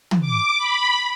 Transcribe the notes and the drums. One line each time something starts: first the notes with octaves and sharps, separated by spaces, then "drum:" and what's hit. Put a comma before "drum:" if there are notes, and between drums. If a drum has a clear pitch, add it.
drum: tom
D6
B5